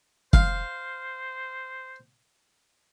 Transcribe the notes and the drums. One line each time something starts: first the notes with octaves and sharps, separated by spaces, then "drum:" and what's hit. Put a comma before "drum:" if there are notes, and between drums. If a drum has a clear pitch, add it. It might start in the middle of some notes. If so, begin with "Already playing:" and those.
C5 F5, drum: kick